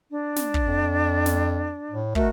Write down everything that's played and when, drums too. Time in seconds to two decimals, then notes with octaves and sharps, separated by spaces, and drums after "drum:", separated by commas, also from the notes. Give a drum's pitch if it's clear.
0.10 D4
0.36 drum: snare
0.54 drum: kick
0.66 F2
1.26 drum: snare
1.91 A2
2.15 A3 F#4 A#4 D#5, drum: kick